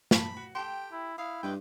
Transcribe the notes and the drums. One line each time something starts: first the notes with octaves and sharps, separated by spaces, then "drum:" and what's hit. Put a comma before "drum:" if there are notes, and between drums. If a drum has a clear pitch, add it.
A5 B5, drum: snare
F#4
G4 A4 G5 C6
E4
E4 F5 D#6
G2 B4 D#5 G5 C6